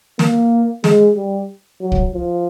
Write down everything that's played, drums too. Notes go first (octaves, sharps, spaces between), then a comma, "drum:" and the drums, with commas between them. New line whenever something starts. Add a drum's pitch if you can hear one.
A#3, drum: snare
G#3, drum: snare
G3
F#3
drum: kick
F3